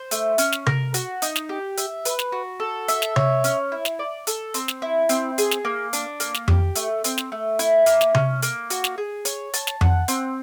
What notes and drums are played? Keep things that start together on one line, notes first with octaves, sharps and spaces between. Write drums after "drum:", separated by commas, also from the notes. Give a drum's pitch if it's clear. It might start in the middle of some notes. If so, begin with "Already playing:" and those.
Already playing: C5
A3, drum: hi-hat
C#4, drum: hi-hat
drum: snare
A#4, drum: tom C3
F#4, drum: hi-hat
D#4, drum: hi-hat
drum: snare
G4
E5, drum: hi-hat
B4, drum: hi-hat
drum: snare
F#4
A4
E5, drum: hi-hat
drum: snare
C#5, drum: tom C3
C#4, drum: hi-hat
E4
drum: snare
D5
A4, drum: hi-hat
C4, drum: hi-hat
drum: snare
E4
C4, drum: hi-hat
G#4, drum: hi-hat
drum: snare
A#3
D4, drum: hi-hat
A#3, drum: hi-hat
drum: snare
G4, drum: tom F2
A3, drum: hi-hat
C4, drum: hi-hat
drum: snare
A3
E4, drum: hi-hat
A#3, drum: hi-hat
drum: snare
C#4, drum: tom C3
A#3, drum: hi-hat
F#4, drum: hi-hat
drum: snare
G#4
C#5, drum: hi-hat
A5, drum: hi-hat
drum: snare
F#5, drum: tom F2
C4, drum: hi-hat